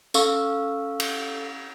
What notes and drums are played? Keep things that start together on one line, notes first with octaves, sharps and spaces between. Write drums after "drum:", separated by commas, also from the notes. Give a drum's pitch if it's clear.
C#4 A4 F5 C#6 E6, drum: tambourine
drum: cymbal